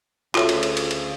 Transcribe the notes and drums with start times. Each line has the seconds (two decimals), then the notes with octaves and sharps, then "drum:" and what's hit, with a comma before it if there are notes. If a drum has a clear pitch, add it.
0.35 D2 C#3 F4 F#4 A4 C#5 E5, drum: clap
0.49 drum: cymbal
0.63 drum: cymbal
0.77 drum: cymbal
0.91 drum: cymbal